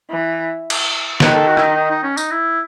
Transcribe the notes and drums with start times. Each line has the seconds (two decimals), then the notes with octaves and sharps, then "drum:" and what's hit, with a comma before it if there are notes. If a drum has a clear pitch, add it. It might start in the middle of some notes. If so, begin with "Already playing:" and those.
0.10 E3
0.70 drum: cymbal
1.20 D#3 B4, drum: snare
1.34 A4
1.48 F#4
1.57 E4, drum: rim click
1.61 D#4
1.76 D#4
1.90 D#4
2.03 C#4
2.17 D#4, drum: tambourine
2.31 E4